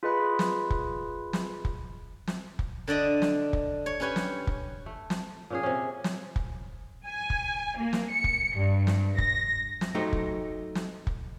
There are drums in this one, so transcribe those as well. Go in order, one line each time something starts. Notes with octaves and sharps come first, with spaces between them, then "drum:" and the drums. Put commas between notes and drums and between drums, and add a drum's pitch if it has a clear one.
F4 G#4 B4 D#5 B5 F#6
drum: snare
drum: kick
drum: snare
drum: kick
drum: snare
drum: kick
D3 D4 D5 D#5
drum: snare
drum: kick
C#5
C#4 G4 B4 C#5 G#5
drum: snare
drum: kick
A3
drum: snare
A#2 C#4 G#4
C3 C#4
drum: snare
drum: kick
G#5
drum: kick
A#3
drum: snare
C#7
drum: kick
G2
drum: snare
A#6, drum: kick
drum: snare
F#3 A3 D#4 G4 C5
drum: kick
drum: snare
drum: kick